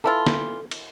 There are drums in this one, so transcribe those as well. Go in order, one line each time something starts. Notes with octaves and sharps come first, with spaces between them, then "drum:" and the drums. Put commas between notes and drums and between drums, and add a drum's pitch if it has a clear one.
E3 E4 F4 A4
drum: snare
drum: cymbal